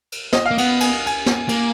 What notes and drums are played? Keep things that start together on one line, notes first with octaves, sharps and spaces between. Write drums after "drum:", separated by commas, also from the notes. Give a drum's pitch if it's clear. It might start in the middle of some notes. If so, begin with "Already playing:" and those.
drum: cymbal
D#5, drum: snare
F5
A#3
B3 F#5, drum: cymbal
G#5, drum: cymbal
G#5, drum: cymbal
drum: snare
A#3, drum: cymbal